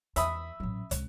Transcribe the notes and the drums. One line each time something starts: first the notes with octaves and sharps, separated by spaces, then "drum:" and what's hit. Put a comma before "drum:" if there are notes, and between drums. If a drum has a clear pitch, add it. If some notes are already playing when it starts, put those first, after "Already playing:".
E2 E5 B5 D#6, drum: hi-hat
A1 F#3
C#2 C3, drum: hi-hat